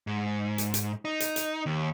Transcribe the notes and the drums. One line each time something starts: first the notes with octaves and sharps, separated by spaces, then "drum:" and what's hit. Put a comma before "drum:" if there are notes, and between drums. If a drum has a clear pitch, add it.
G#2
drum: hi-hat
drum: hi-hat
D#4
drum: hi-hat
drum: hi-hat
D#2